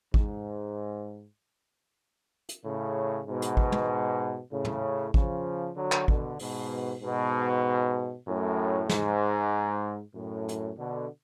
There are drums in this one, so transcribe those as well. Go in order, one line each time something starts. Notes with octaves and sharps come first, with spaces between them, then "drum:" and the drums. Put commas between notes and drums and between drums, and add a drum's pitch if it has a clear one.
G#2, drum: kick
drum: hi-hat
A2 C#3
G#2 B2
drum: hi-hat
drum: kick
drum: tom
A2 C#3
drum: tom
C#3 F3, drum: kick
D3 F#3
drum: clap
B2 D3, drum: kick
G#2 B2, drum: open hi-hat
G#2 B2
F#2 A2
G#2, drum: snare
F#2 A2
drum: hi-hat
B2 D3